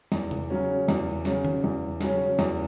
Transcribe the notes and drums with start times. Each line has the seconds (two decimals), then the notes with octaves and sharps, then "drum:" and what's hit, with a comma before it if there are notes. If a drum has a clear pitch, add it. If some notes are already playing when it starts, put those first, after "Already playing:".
0.12 E2, drum: snare
0.31 drum: tom C3
0.50 C#3 F#3 C#4
0.88 E2, drum: snare
1.25 C#3 F#3 C#4, drum: snare
1.44 drum: tom D#3
1.64 E2
2.01 C#3 F#3 C#4, drum: snare
2.39 E2, drum: snare